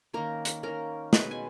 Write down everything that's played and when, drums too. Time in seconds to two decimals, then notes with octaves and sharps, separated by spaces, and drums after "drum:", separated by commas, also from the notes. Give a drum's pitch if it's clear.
0.13 D#3 A#3 C#4 A#4 A#5
0.45 drum: hi-hat
0.63 D#3 A#3 C#4 A#4 A#5
1.13 B2 G#3 B3 B4 B5, drum: snare
1.31 G#5